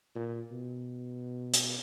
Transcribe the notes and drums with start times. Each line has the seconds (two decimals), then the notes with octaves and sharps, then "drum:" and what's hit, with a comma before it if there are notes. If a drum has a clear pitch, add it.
0.15 A#2
0.51 B2
1.54 drum: hi-hat